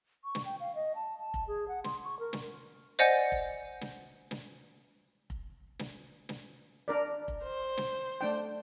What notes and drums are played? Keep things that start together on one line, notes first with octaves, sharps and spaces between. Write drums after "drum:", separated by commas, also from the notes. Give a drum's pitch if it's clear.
C#6
drum: snare
G5
F5
D#5
A5
A5
drum: kick F1
G#4
F#5
C6, drum: snare
C#6
A#4
drum: snare
C5 D5 D#5 F#5 G#5 G6
drum: kick F1
drum: snare
drum: snare
drum: kick F1
drum: snare
drum: snare
D4 A#4 D5
drum: kick F1
C5
drum: snare
A3 D4 G5